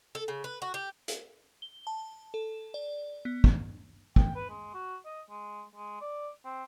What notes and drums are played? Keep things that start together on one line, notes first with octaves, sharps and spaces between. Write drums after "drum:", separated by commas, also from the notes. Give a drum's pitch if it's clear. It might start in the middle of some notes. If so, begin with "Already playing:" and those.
A4
C#3
B4
F#4
G4
drum: hi-hat
G7
A5
A4
D5
B3
drum: kick
G5, drum: kick
B4
G#3
F#4
D#5
G#3
G#3
D5
C4